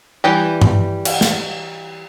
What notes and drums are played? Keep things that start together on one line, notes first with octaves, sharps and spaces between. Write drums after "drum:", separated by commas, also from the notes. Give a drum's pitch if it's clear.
E3 G3 G4
drum: tom G2
drum: cymbal
drum: snare